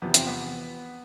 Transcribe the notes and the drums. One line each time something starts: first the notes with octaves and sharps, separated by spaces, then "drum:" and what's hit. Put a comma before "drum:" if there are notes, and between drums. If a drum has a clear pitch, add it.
E2 C3 F3 B3
C4, drum: hi-hat
B3